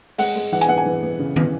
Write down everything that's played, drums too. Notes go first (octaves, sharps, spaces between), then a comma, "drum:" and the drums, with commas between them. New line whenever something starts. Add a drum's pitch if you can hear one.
G#3 F#5, drum: open hi-hat
G#3
E3 F#5
G#5, drum: hi-hat
B3 F#5
G#5
E3
B3
C#3
E3, drum: tom D#3